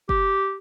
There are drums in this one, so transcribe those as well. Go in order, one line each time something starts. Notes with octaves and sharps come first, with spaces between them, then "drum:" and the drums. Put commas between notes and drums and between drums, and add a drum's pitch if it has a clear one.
G4, drum: kick